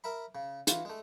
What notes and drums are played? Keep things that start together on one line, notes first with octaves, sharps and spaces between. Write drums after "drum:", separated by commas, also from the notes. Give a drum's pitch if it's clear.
A#4 E5 B5
C#3
E3 F4 F#4, drum: hi-hat
G#3 A3